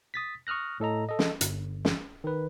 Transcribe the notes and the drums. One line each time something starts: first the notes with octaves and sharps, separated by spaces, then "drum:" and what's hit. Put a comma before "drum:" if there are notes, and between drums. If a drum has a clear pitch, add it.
D#6 A6 B6
C#6 D#6 F6 F#6 A#6
A2 A4 D#5 A#5
A4 D#5
drum: snare
G1, drum: hi-hat
drum: snare
D#3 B4